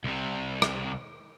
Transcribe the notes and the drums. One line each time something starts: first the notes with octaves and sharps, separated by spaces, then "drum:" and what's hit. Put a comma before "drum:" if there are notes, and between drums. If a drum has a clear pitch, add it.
C2 C3
drum: rim click